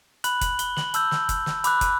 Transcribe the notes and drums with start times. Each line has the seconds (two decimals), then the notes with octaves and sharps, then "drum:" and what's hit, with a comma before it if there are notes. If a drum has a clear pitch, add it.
0.24 B5 F#6 F#7, drum: hi-hat
0.41 F#7, drum: kick, hi-hat
0.59 G7, drum: hi-hat
0.77 F#7, drum: snare
0.94 A5 E6 G6, drum: hi-hat
1.11 drum: snare
1.29 drum: kick, hi-hat
1.46 drum: snare
1.64 B5 D6 F#6, drum: hi-hat
1.81 drum: kick, hi-hat